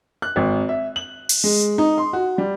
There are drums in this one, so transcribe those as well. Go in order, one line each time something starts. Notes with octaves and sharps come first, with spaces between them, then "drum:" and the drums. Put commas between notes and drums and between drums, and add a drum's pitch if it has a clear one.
F#6
G#1
E5
F#7
drum: open hi-hat
G#3
D#4
C6
F#4
G3